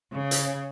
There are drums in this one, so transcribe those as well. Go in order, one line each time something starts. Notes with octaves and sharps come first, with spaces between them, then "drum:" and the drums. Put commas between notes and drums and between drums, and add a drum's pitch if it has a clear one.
C#3
drum: hi-hat